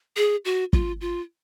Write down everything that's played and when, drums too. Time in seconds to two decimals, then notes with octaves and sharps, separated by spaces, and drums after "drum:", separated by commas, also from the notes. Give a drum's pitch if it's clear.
0.17 G#4
0.45 F#4
0.73 F4, drum: kick
1.01 F4